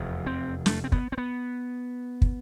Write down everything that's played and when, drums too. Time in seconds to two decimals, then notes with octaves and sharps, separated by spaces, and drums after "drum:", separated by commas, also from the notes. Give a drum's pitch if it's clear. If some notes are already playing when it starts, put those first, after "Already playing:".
Already playing: F1 E2 C3
0.26 C4
0.66 A3, drum: snare
0.84 C4
0.92 B3, drum: kick
1.12 C4
1.18 B3
2.22 drum: kick